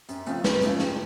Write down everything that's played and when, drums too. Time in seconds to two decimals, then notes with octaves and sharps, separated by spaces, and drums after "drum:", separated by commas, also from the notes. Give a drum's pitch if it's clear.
0.09 F#2, drum: hi-hat
0.26 C#3 F3 A3 C#4, drum: hi-hat
0.44 F#2 B4, drum: snare
0.61 C#3 F3 A3 C#4, drum: hi-hat
0.79 G2, drum: snare